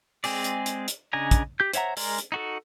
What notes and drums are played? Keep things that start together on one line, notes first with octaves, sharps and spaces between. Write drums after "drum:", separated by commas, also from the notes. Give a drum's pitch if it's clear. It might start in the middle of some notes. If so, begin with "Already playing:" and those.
G#3 C4 G#4 D5, drum: open hi-hat
drum: hi-hat
drum: hi-hat
drum: hi-hat
C#3 D4 D#5 G#5 A#5
drum: kick, hi-hat
G4 G6
C5 C#5 E5 F#5 A#5, drum: hi-hat
G#3 A#4 D5 A#5 C6, drum: open hi-hat
drum: hi-hat
D#4 F#4 A4